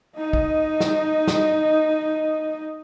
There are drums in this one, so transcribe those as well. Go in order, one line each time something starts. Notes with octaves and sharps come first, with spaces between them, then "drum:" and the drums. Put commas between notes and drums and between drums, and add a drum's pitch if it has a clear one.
D#4 D#5
drum: kick
drum: snare
drum: snare